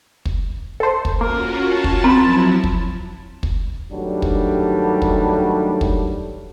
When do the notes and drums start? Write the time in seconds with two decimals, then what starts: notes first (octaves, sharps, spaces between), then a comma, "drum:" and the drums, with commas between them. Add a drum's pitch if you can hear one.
0.25 drum: kick
0.80 A4 C5
1.05 drum: kick
1.21 A#3 C#4 F4 F#4 A#4
1.73 A5
1.84 drum: kick
2.04 F3 F#3 C4 E4 A#4 B5
2.64 drum: kick
3.43 drum: kick
3.92 G2 D#3 F#3 G3 A3 D4
4.22 drum: kick
5.02 drum: kick
5.81 drum: kick